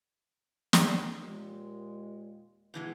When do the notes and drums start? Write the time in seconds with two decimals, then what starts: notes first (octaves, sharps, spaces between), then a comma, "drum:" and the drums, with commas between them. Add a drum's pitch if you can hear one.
0.73 drum: snare
1.22 D#2 A#2 G#3
2.74 B2 E3 G#3